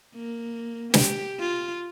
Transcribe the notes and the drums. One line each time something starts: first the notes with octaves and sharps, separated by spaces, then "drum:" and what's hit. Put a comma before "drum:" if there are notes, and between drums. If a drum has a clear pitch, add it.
A#3
G4, drum: snare
F4